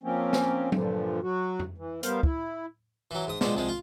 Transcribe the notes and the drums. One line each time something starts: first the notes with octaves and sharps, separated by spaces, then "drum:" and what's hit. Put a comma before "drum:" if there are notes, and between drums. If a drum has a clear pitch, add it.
F3 A#3 C4 C#4
drum: snare
G2 A#2 D3 F3, drum: tom F#3
F#3 F#4
drum: tom F2
E3
G3 B3 A#4 C5 F5, drum: hi-hat
E4, drum: kick
E3 F#3
G#2 D#6
B2 F3 G#3 D4, drum: snare
C2 F3 G#3
F4